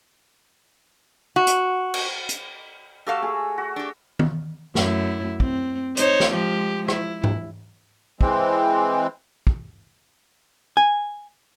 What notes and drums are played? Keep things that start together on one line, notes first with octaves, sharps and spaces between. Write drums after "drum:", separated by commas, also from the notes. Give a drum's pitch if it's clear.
F#4
drum: hi-hat
drum: cymbal
drum: hi-hat
A3 F#4 G4 A4 F5 E6
G#4
F#4
D4 G4
drum: tom
F#2 A3 E4, drum: snare
C4, drum: kick
D#4 C5 C#5, drum: hi-hat
drum: snare
F3 G#3 G4
E4, drum: rim click
drum: tom G#2
E3 G#3 C4, drum: kick
drum: kick
G#5